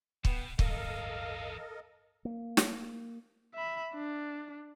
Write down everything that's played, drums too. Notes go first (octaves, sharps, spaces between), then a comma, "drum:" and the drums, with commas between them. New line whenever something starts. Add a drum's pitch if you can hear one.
B2 B3 G5, drum: kick
D1 G1 E3 D#4 A4 A#4 D#5 F5, drum: kick
A#3
drum: snare
E5 B5
D4